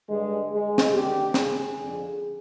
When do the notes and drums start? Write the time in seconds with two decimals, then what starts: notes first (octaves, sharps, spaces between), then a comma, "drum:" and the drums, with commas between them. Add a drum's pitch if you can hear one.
0.09 G2 D3 G#3
0.51 G#3
0.78 drum: snare
0.93 D#2 D3 G4
1.34 G#4, drum: snare
1.77 F2 D3